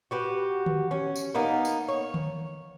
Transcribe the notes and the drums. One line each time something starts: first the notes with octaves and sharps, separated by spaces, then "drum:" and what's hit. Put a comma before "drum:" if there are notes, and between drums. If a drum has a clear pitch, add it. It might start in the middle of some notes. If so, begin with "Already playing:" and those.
F#4 G4 B4
drum: tom D3
C#4
drum: tambourine
A#3 B3 D#4
drum: tambourine
C#5
drum: tom D3